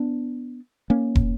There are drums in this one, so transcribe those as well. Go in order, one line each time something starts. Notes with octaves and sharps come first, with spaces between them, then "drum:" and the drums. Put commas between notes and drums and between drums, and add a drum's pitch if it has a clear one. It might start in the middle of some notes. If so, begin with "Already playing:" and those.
Already playing: B3 D4
A#3 C#4
drum: kick